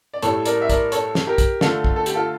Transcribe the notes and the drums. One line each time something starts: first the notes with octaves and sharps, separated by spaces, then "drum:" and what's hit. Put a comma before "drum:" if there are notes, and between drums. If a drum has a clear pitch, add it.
D5
A2 G3 A4 C#5, drum: hi-hat
A#4 D5, drum: hi-hat
E5
A#4 D5, drum: kick, hi-hat
A4 C#5, drum: hi-hat
drum: snare
G4 A#4
drum: kick, hi-hat
D3 A3 F4 A4, drum: snare
drum: kick
A4
G4, drum: hi-hat
F4 A4